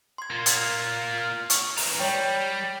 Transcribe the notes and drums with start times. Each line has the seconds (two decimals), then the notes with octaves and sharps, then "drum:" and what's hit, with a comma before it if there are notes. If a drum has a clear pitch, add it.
0.18 C6 G#6
0.30 A#3 F4
0.46 drum: hi-hat
1.18 F6
1.50 C#6, drum: hi-hat
1.77 E3 A#5, drum: open hi-hat
1.99 G3 C#5 G5